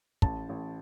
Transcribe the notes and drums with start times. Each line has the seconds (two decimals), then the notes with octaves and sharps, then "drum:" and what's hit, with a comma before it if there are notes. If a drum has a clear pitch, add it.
0.22 A1 A5, drum: kick
0.49 A1